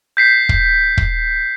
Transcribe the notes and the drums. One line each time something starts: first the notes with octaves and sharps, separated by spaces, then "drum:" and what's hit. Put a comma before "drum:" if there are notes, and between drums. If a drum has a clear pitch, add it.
G6 B6 C7
drum: kick
drum: kick